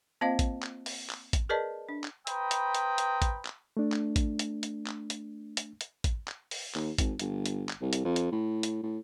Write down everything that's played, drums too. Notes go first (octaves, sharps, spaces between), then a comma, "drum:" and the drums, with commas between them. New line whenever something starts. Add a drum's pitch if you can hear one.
A#3 C4 F4 C5 D#5 F5
drum: kick A1, hi-hat
drum: clap
drum: open hi-hat
drum: clap
drum: kick A1, hi-hat
G#4 A#4 B4 D5 D#5 A5
D4
drum: clap
B4 C5 G5 A#5 B5 D#6, drum: hi-hat
drum: hi-hat
drum: hi-hat
drum: hi-hat
drum: kick A1, hi-hat
drum: clap
A3 D4
drum: clap
drum: kick A1, hi-hat
drum: hi-hat
drum: hi-hat
drum: clap
drum: hi-hat
drum: hi-hat
drum: hi-hat
drum: kick A1, hi-hat
drum: clap
drum: open hi-hat
D#2, drum: clap
G#1, drum: kick A1, hi-hat
G1, drum: hi-hat
drum: hi-hat
drum: clap
C2
drum: hi-hat
F2
drum: hi-hat
A2
drum: hi-hat
A2